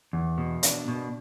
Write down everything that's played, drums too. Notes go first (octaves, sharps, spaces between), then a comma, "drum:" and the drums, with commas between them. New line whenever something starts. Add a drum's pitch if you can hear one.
E2
B2
D4, drum: hi-hat
B2